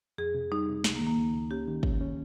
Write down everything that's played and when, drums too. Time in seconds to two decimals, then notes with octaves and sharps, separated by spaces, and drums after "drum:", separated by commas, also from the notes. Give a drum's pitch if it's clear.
0.18 F2 G#4
0.34 C3
0.52 G3 D#4
0.69 C3
0.84 C#2, drum: snare
0.95 A#3
1.01 D#3
1.07 A#3
1.18 C#2
1.34 C#2
1.51 C#4 G4
1.68 D#3
1.83 C#4, drum: kick
2.01 C#4